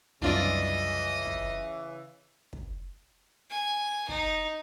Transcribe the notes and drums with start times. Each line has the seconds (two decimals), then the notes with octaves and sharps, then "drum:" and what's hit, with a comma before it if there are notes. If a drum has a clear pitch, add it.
0.22 C2 F#2 C#3 E3 D4 F4 D5 D#5
1.26 drum: kick
2.53 drum: kick
3.50 G#5
4.08 D#4, drum: kick